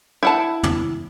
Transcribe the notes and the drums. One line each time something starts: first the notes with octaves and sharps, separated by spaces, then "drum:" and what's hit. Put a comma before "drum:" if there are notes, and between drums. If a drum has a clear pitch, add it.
E4 F#5 A5
drum: tom